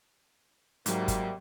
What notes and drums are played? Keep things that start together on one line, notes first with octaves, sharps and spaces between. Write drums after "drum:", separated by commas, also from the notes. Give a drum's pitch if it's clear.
G#2 C3 F#3 G3 A#3, drum: hi-hat
drum: kick G1, hi-hat